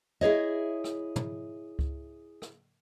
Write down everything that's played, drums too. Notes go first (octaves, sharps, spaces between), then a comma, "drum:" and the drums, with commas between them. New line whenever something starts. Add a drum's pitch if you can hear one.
E4 G#4 C#5 D#5
drum: rim click
drum: tom
drum: kick C#2
drum: rim click